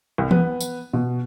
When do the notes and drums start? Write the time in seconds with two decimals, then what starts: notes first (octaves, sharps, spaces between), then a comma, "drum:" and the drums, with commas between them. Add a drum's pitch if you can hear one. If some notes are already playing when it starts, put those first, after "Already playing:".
0.18 C2
0.31 B3, drum: tom E3
0.61 drum: tambourine
0.93 B2